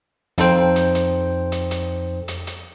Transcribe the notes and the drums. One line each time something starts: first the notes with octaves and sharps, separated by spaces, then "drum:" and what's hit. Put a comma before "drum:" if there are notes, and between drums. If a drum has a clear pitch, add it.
F2 D#4 A4 C5 G5, drum: hi-hat
drum: hi-hat
drum: hi-hat
drum: hi-hat
drum: hi-hat
drum: hi-hat
drum: hi-hat